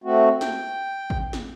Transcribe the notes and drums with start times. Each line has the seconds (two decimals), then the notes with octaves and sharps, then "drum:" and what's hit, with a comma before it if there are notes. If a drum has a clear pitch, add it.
0.04 A3 C4 F#4
0.41 G5, drum: snare
1.10 drum: kick G#1
1.33 drum: snare